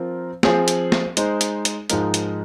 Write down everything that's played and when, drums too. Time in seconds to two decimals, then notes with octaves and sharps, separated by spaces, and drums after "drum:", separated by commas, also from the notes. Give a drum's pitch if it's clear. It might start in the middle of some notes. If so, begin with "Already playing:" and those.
Already playing: F3 C4 F4 A#4
0.43 F3 C4 G#4 C5, drum: snare
0.68 drum: hi-hat
0.92 drum: snare
1.17 G#3 D#4 C5, drum: hi-hat
1.41 drum: hi-hat
1.65 drum: hi-hat
1.90 G#2 F3 G#3 D#4 A#4, drum: hi-hat
2.14 drum: hi-hat